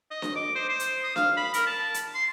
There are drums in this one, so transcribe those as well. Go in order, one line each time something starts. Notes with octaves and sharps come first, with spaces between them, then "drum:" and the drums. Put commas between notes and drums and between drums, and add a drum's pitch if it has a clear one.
D#5
drum: snare D4
D6
C5
C5
drum: hi-hat
D#6
F5, drum: snare D4
B5
A#4, drum: hi-hat
A5
drum: hi-hat
C6